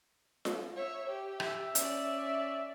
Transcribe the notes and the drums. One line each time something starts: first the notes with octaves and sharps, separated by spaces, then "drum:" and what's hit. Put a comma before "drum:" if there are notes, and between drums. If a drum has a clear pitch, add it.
drum: snare F4
C#5 E5
G4
E5, drum: rim click
C#4 D5, drum: hi-hat